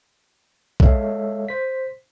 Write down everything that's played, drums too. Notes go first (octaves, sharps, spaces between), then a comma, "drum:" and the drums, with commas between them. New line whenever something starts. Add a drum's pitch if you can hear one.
G#3 A4 C#5 E5 F5, drum: kick A#1
C5 B6